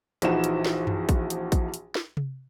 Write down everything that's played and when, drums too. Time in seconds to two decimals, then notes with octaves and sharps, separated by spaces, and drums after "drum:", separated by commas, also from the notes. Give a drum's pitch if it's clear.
0.22 A#1 E3 F3 D#4 F#4 E7, drum: hi-hat
0.44 drum: hi-hat
0.65 drum: snare
0.87 drum: tom F#2
1.09 drum: kick, hi-hat
1.30 drum: hi-hat
1.52 drum: kick, hi-hat
1.74 drum: hi-hat
1.95 drum: snare
2.17 drum: tom C3